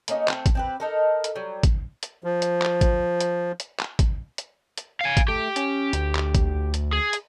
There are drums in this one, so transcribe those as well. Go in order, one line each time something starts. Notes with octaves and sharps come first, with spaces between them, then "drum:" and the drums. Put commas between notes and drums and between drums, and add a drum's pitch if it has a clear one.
A3 A#3 C#4 D#4, drum: hi-hat
A3 C4, drum: clap
drum: kick, hi-hat
C4 G4 B4
D#4 A4 A#4
drum: hi-hat
F#3 G3
drum: kick, hi-hat
drum: hi-hat
F3
drum: hi-hat
drum: clap
drum: kick, hi-hat
drum: hi-hat
drum: hi-hat
drum: clap
drum: kick, hi-hat
drum: hi-hat
drum: hi-hat
F5 G#5
drum: kick, hi-hat
A3 G4
C#4, drum: hi-hat
D2, drum: hi-hat
drum: clap
drum: kick, hi-hat
drum: hi-hat
G#4
drum: hi-hat